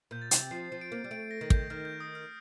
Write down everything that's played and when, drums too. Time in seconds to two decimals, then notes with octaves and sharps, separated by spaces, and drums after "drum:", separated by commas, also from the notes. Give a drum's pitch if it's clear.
0.11 A#2 G6
0.22 A6
0.31 C3, drum: hi-hat
0.51 F3 C7
0.72 F3
0.81 D7
0.92 A#3
1.04 G3
1.11 A3 D7
1.31 A#6
1.41 D#3
1.50 G6, drum: kick
1.70 D#3 F6
1.85 G6
2.00 D#6
2.15 F6